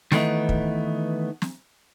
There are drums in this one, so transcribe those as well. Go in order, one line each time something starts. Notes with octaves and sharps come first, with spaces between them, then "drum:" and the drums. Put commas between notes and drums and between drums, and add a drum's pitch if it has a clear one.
D#3 E3 G3 A3 B3 D#4, drum: snare
drum: kick
drum: snare